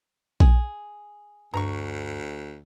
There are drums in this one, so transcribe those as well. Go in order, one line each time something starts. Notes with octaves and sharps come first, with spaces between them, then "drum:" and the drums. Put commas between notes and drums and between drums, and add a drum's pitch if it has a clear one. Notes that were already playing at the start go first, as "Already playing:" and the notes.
G#4, drum: kick A#1
D2 G2 A#5 C#6